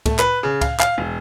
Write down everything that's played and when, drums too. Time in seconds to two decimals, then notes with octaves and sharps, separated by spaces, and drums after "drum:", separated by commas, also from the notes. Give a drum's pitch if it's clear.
0.06 A3, drum: kick C#2, cymbal
0.19 B4, drum: clap
0.43 C#3
0.61 F5, drum: kick C#2, cymbal
0.80 F5, drum: clap
0.98 E1